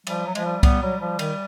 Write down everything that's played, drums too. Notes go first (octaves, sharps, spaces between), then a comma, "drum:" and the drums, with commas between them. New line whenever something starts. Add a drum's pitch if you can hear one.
F3 G3, drum: cymbal
F#3
F3 G#3, drum: cymbal
G3
G3 B3, drum: kick C2, cymbal
F#3 G3
F3 G3
D#3, drum: cymbal